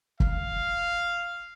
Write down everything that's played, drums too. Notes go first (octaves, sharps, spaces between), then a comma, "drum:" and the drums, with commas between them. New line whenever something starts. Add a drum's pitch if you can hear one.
F5, drum: kick